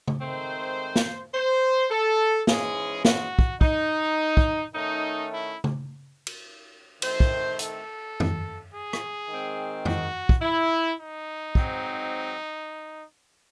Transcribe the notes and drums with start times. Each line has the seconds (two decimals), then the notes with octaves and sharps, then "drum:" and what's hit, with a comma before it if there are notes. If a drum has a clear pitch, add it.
0.08 drum: tom C#3
0.21 G#2 D#3 A3 C4 C5
0.96 drum: snare
1.34 C5
1.91 A4
2.47 G#2 E3 G#3 C#4 G#4, drum: snare
3.05 F#4, drum: snare
3.39 drum: kick
3.61 D#4, drum: kick
4.37 drum: kick
4.74 D#3 A3 C#4 D#4
5.32 E4
5.64 drum: tom C#3
6.27 drum: cymbal
7.02 D#3 A3 C4 C5, drum: cymbal
7.20 drum: kick
7.59 A4, drum: hi-hat
8.20 drum: tom F2
8.72 G#4
8.93 drum: rim click
9.29 D#3 G#3 C4
9.85 F#4, drum: tom F2
10.29 drum: kick
10.42 E4
10.99 D#4
11.55 G#2 F#3 C4, drum: kick